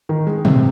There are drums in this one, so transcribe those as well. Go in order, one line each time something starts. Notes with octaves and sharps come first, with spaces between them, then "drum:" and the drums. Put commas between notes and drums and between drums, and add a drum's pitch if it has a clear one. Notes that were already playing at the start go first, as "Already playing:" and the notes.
D#3
G#3
C3, drum: tom